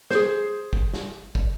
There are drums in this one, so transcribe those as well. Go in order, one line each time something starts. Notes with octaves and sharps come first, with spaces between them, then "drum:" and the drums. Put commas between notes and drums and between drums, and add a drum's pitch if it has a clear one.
G#4 C5, drum: snare
drum: kick
drum: snare
drum: kick